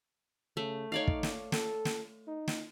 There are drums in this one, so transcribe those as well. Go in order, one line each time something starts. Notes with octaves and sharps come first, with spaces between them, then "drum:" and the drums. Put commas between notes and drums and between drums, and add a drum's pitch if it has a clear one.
C#3 A3
D#4 C#5 D5 F5
drum: kick
drum: snare
A4, drum: snare
drum: snare
D#4
drum: snare